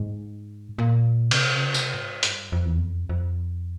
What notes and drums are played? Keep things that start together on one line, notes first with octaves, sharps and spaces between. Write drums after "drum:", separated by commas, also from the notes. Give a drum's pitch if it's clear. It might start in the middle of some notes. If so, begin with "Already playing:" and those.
Already playing: G#2
A#2
C#3, drum: cymbal
C3
C#3
C3, drum: tambourine
G#2
G2, drum: hi-hat
F2
E2
F2
F2